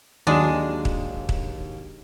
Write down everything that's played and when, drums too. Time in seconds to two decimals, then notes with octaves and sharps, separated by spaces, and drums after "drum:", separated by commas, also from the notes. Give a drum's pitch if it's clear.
0.27 D#2 F#3 G#3 D4 E7
0.85 drum: kick
1.29 drum: kick